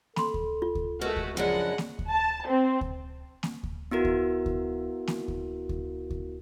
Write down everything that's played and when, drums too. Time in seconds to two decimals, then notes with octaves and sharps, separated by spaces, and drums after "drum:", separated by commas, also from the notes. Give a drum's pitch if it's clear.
0.16 A4 B5 C6, drum: snare A#3
0.34 drum: kick D2
0.62 F4
0.75 drum: kick D2
1.01 G#3 A3 F#4 A#4 B4
1.16 drum: kick D2
1.37 F#2 C#3 F3 G#3 D4 F#5
1.78 drum: snare A#3
1.99 drum: kick D2
2.09 A5
2.48 C4
2.81 drum: kick D2
3.43 drum: snare A#3
3.63 drum: kick D2
3.91 B3 E4 F#4 A#4
4.05 drum: kick D2
4.46 drum: kick D2
5.07 drum: snare A#3
5.28 drum: kick D2
5.69 drum: kick D2
6.10 drum: kick D2